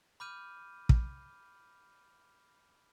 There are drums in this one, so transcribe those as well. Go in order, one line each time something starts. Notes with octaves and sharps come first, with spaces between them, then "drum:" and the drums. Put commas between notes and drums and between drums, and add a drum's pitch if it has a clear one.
B5 D6 F6 G6 D#7
drum: kick